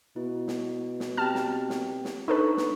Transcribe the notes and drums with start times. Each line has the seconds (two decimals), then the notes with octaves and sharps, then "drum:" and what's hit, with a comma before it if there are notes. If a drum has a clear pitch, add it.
0.16 B2 E4
0.48 drum: snare
1.00 drum: snare
1.17 C4 G4 G5 A5 F6
1.35 drum: snare
1.70 drum: snare
2.05 drum: snare
2.28 D4 D#4 A4 B4 C#6
2.57 drum: snare